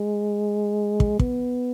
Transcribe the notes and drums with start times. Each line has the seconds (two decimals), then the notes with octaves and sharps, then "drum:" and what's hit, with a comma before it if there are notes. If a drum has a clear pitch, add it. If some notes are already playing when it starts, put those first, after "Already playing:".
Already playing: G#3
1.00 drum: kick
1.19 B3, drum: kick